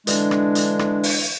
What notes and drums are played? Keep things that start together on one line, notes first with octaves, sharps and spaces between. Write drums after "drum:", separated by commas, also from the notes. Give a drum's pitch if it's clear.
D3 E3 G#3 D4, drum: hi-hat
drum: rim click
drum: hi-hat
drum: rim click
drum: open hi-hat